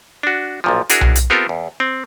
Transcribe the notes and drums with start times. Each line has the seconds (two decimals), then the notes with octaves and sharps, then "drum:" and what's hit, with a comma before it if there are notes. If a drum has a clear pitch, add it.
0.23 D4 F#4
0.64 B1 A#2 F3
0.90 D4 E4 F#4 G#4 A#4, drum: hi-hat
1.01 drum: tom B1
1.16 drum: hi-hat
1.30 B3 C4 F4 G4 A4 A#4
1.49 E2
1.80 C4